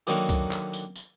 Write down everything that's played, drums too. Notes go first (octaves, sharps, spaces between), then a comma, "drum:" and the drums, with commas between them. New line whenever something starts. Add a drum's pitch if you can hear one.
D3 D#3 F#3 A#3, drum: tambourine
drum: kick, tambourine
drum: clap
drum: tambourine
drum: tambourine